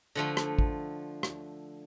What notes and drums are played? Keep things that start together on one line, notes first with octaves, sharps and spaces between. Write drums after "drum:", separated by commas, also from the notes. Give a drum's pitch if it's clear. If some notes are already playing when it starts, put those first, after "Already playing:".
D3 F3 A3
drum: rim click
drum: kick
drum: rim click